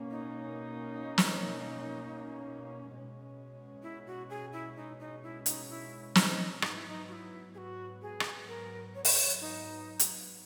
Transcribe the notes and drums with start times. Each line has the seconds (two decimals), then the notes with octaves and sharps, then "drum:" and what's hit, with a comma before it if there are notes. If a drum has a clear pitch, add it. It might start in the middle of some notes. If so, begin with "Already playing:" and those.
Already playing: B2 A#3 C#4
0.10 D#4
1.18 drum: snare
2.90 B2 G#3 C#4
3.83 E4
4.07 F#4
4.30 G#4
4.53 E4
4.76 D#4
4.99 D#4
5.23 E4
5.46 D#4, drum: hi-hat
5.69 E4
6.15 D#4, drum: snare
6.62 G#2 F#3 B3 D#4, drum: rim click
6.75 E4
6.88 D#4
7.08 F#4
7.13 E4
7.54 G#4
7.58 F#4
8.02 G#4
8.20 drum: rim click
8.48 A#4
8.95 C#5
9.05 B4, drum: open hi-hat
9.13 C#5
9.41 D#4
9.99 drum: hi-hat